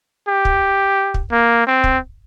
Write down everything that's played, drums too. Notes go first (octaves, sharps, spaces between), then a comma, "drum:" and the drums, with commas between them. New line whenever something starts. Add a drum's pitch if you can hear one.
G4
drum: kick
drum: kick
A#3
C4
drum: kick